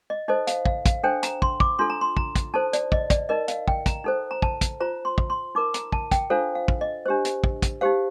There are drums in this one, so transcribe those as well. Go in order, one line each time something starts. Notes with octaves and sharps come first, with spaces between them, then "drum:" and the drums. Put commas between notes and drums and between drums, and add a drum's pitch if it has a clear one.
D#5
D#4 A4 C5 D#5
F5, drum: hi-hat
F5, drum: kick
F5, drum: kick, hi-hat
D4 A4 C5 G5
A#5, drum: hi-hat
C6, drum: kick
D6, drum: kick
D4 F4 A4 C6
A#5
C6
A#5, drum: kick
drum: kick, hi-hat
D#4 A4 C5 A5
D5, drum: hi-hat
D#5, drum: kick
D5, drum: kick, hi-hat
D#4 A#4 D#5
F5, drum: hi-hat
G5, drum: kick
A#5, drum: kick, hi-hat
D#4 A4 C5
A#5
A5, drum: kick
drum: kick, hi-hat
F4 C5 A#5
C6
drum: kick
C6
D#4 A#4 D6
A#5, drum: hi-hat
A5, drum: kick
G5, drum: kick, hi-hat
D4 F4 A4 C5 F5
F5
drum: kick
D#5
D4 G4 C5
drum: hi-hat
drum: kick
drum: kick, hi-hat
D#4 G4 C5 F5